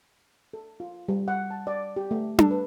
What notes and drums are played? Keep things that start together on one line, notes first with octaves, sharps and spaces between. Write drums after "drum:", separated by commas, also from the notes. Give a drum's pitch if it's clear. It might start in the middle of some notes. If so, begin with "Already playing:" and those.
A4
F4
G3
F#5
A5
D5
G4
A3
A4, drum: tom D4
B4